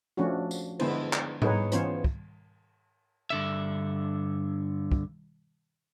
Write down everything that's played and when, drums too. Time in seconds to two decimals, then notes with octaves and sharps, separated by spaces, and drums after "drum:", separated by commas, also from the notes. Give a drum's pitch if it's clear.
0.17 F3 A3 C#4 D4 F#4
0.51 drum: tambourine
0.79 D3 G#3 B3 D4 E4 C5, drum: cymbal
1.13 drum: clap
1.42 D#4 G#4 B4 C#5, drum: tom G#2
1.72 E3 B3 C#4 F4 C5 C#5, drum: hi-hat
2.04 drum: kick
3.30 G2 D3 E5
4.92 drum: kick